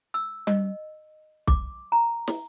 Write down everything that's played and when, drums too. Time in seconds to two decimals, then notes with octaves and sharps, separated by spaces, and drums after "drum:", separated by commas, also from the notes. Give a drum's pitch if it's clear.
0.14 E6
0.47 D#5, drum: tom G3
1.48 D6, drum: kick B1
1.92 A#5
2.28 drum: snare